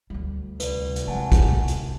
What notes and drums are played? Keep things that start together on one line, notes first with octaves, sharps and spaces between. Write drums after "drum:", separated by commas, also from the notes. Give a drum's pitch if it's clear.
D2 G3
C2 B4 D5, drum: hi-hat
drum: hi-hat
G#3 F#5 G#5 A5
drum: kick, hi-hat
drum: hi-hat